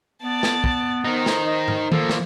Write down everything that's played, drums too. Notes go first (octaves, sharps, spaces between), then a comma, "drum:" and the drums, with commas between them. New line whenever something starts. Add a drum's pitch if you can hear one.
B3 D5 A5
drum: snare
drum: kick
D#4 A#4 C5
drum: snare
D#5
drum: tom G#2
F3 A#3 A4, drum: tom D#3
drum: snare